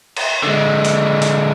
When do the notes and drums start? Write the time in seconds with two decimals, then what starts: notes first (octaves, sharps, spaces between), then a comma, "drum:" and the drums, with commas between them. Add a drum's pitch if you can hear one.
0.17 drum: cymbal
0.43 D3 G#3
0.85 drum: hi-hat
1.22 drum: hi-hat